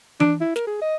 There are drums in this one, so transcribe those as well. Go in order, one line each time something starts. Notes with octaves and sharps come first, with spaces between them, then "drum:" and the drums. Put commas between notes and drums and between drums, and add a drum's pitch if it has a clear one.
D4, drum: tom E3
E4
A#4, drum: snare
G#4
D#5